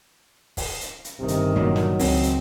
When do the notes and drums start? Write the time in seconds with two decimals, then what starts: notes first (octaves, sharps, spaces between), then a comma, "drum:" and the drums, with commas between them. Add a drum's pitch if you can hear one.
0.57 drum: kick, open hi-hat
0.81 drum: hi-hat
1.04 drum: hi-hat
1.19 G1 C3 D#3
1.28 drum: hi-hat
1.56 A#2 F#3 A#3
1.76 drum: snare
1.99 C#2 C4, drum: open hi-hat
2.23 drum: hi-hat